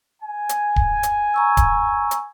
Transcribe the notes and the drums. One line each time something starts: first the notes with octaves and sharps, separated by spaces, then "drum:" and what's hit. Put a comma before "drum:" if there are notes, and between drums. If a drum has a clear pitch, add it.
G#5
drum: hi-hat
drum: kick D1
drum: hi-hat
A#5 C#6 E6
drum: kick D1, hi-hat
drum: hi-hat